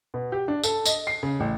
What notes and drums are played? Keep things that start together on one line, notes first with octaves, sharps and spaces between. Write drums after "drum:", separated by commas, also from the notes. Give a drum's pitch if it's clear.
B2
G4
D4
A4, drum: tambourine
D#5, drum: tambourine
C7
C#3
A1